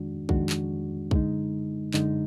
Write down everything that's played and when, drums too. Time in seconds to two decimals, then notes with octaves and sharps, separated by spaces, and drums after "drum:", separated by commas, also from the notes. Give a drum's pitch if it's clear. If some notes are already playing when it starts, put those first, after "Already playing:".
Already playing: F2 D#3 G#3 D4 F#4
0.29 F2 D#3 G#3 D4 F#4, drum: kick
0.50 drum: clap
1.11 F#2 D3 G#3 D#4, drum: kick
1.94 F#2 D3 G#3 D#4, drum: clap